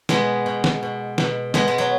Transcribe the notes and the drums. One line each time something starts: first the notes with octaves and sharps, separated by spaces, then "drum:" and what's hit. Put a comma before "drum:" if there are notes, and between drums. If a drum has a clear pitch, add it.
B2 G#3 B3, drum: snare
B2
drum: snare
B2
B2, drum: snare
B2 G#3 B3, drum: snare
G#3
F#3